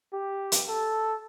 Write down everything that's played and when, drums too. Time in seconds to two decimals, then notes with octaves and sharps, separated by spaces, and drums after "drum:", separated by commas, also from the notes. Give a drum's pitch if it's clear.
0.13 G4
0.52 drum: hi-hat
0.68 A4